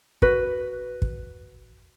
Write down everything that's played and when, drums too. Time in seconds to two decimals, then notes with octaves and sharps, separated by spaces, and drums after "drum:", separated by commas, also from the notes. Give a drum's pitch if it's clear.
0.22 F#4 B4, drum: kick
1.02 drum: kick